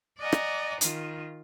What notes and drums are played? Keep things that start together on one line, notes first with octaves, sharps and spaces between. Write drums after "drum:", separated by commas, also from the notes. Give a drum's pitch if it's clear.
D5 D#5 F#5 G#5 A#5
drum: rim click
D#3 F4, drum: hi-hat